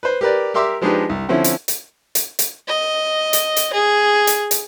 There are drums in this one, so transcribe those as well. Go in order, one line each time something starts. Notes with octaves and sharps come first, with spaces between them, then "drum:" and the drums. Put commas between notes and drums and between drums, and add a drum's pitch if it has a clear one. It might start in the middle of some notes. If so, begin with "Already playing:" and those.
B4 C5
G4 A#4 B4 D5
G4 A#4 E5 C6 D6 E6
F3 G#3 D4 D#4 G4 B4
C2
D3 F3 C4 C#4 E4
drum: hi-hat
drum: hi-hat
drum: hi-hat
drum: hi-hat
D#5
drum: hi-hat
drum: hi-hat
G#4
drum: hi-hat
drum: hi-hat